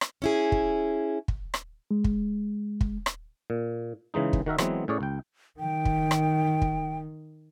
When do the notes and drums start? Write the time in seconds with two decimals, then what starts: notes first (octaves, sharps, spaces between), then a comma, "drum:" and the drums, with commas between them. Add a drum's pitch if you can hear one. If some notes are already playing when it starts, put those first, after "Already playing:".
0.01 drum: rim click
0.22 C#4 E4 G#4
0.52 drum: kick
1.28 drum: kick
1.54 drum: rim click
1.91 G#3
2.04 drum: kick
2.81 drum: kick
3.06 drum: rim click
3.50 A#2
4.14 C#3 E3 G#3 D#4
4.33 drum: kick
4.46 D#3 F#4 A#4 E5
4.58 E3 F#3 G#3 B3 C4, drum: rim click
4.88 A2 C#4 G#4 C#5 D5
5.01 C#2 G5
5.60 D#3 G5
5.85 drum: kick
6.11 drum: rim click
6.62 drum: kick